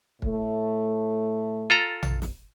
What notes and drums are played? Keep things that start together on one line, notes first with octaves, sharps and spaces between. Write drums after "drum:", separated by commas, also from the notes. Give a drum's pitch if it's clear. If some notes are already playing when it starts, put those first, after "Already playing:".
A2 A3, drum: kick
F4 A4 A#5
drum: tom A#1
drum: snare